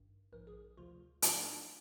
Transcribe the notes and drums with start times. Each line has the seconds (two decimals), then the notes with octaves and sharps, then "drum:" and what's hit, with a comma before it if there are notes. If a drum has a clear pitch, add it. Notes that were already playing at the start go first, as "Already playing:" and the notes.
Already playing: G#1 G2 D#3
0.32 A#1 G#2 F3 A#4
0.47 G#4
0.77 D2 C3 F3 F4
1.22 G#1 G#2 F3 D#4, drum: hi-hat
1.38 D4
1.53 D4